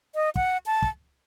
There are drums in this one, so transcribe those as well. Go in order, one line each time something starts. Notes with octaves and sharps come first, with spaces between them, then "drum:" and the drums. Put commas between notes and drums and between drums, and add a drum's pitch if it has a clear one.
D#5
F#5, drum: kick
A5
drum: kick